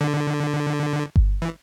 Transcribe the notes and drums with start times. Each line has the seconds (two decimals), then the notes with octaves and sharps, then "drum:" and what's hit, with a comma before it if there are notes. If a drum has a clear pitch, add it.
0.01 D3
1.16 drum: kick G1
1.42 E3